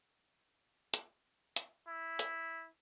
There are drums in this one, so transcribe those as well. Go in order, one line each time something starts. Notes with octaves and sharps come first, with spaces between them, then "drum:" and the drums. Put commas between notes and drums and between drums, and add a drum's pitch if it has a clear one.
drum: hi-hat
drum: hi-hat
E4
drum: hi-hat